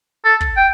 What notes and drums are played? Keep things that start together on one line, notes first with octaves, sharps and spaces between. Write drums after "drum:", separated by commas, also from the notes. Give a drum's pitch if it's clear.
A4
drum: kick
G5